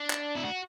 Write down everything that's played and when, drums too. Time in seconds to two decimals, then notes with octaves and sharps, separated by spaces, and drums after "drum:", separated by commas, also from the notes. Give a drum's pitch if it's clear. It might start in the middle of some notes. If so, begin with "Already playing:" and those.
Already playing: D4
0.10 drum: clap
0.36 E4
0.45 F#4